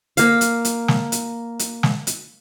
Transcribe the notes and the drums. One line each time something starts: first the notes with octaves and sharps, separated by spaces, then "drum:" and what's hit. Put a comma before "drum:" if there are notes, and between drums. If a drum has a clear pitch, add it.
A#3 F5, drum: hi-hat
drum: hi-hat
drum: hi-hat
drum: snare
drum: hi-hat
drum: hi-hat
drum: snare
drum: hi-hat